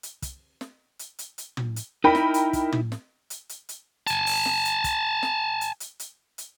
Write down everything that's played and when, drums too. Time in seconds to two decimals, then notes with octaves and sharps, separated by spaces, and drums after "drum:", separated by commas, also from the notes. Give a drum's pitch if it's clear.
0.03 drum: hi-hat
0.22 drum: kick, hi-hat
0.61 drum: snare
0.99 drum: hi-hat
1.19 drum: hi-hat
1.38 drum: hi-hat
1.57 drum: tom
1.76 drum: hi-hat
2.04 D#4 E4 A#4 G5 B5
2.15 drum: snare
2.34 drum: hi-hat
2.53 drum: kick, hi-hat
2.72 drum: tom
2.92 drum: snare
3.30 drum: hi-hat
3.49 drum: hi-hat
3.69 drum: hi-hat
4.07 G#5 A5, drum: hi-hat
4.26 drum: open hi-hat
4.46 drum: snare
4.65 drum: hi-hat
4.84 drum: kick, hi-hat
5.23 drum: snare
5.61 drum: hi-hat
5.80 drum: hi-hat
6.00 drum: hi-hat
6.38 drum: hi-hat